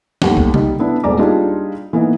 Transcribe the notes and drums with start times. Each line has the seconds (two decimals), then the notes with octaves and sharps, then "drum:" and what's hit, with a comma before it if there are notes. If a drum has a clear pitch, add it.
0.22 D#2 G3 A3 B3 F#5, drum: snare
0.37 drum: kick C2
0.54 G3 D#4, drum: tom C3
0.79 B3 D4 E4 B4
1.04 D#1 G#3 B3 D5 A#5 D6
1.18 G3 D4 D#4 F4 G#4
1.93 E3 A#3 B3 D#4